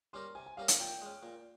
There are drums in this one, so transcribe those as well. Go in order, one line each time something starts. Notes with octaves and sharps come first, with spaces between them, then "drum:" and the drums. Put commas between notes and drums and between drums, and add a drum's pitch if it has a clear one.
G3 C#4 G4 A#4 C6
C3 G#5
G#5
G3 C#4 G4 A#4 F5
F5, drum: hi-hat
A#2 G5
G#3 C#4
A#2